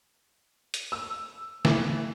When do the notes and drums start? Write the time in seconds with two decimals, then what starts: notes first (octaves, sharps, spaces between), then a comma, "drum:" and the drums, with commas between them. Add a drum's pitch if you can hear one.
0.74 drum: hi-hat
0.92 E6
1.65 E3, drum: snare